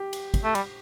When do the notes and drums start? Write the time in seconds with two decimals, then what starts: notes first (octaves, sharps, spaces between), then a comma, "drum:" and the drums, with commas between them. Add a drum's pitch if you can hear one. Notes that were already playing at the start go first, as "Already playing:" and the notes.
Already playing: G4
0.13 drum: cymbal
0.34 drum: kick, cymbal
0.44 A3
0.55 G3, drum: cymbal